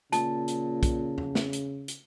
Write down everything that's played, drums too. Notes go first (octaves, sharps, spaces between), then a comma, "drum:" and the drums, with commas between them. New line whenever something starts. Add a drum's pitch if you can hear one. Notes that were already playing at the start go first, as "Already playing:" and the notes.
A#2 C#3 A5, drum: hi-hat
drum: hi-hat
drum: kick, hi-hat
drum: tom E2
drum: snare
drum: hi-hat
drum: hi-hat